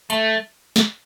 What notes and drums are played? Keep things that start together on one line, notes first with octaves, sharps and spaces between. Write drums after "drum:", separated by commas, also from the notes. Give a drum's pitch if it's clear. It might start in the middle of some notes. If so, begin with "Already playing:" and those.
A3, drum: hi-hat
drum: snare